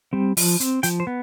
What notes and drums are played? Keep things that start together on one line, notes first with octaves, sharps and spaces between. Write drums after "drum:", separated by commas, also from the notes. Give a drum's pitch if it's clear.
G3 C4
F3, drum: open hi-hat
C4, drum: hi-hat
F3 G5, drum: hi-hat
C5
B3